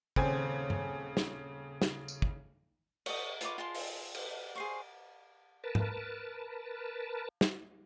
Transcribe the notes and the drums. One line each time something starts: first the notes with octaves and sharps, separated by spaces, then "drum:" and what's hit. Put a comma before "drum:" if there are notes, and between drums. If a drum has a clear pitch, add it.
D#1 C#3 C4 G#5, drum: kick
drum: tom
drum: snare
drum: snare
drum: tambourine
drum: kick
C#5 D#5, drum: cymbal
F4 B4 C#5 D6, drum: hi-hat
F4 G#4 A5 C6
drum: open hi-hat
drum: cymbal
G#4 C5 C#6
A#4 B4 A5
drum: tom G#2
drum: snare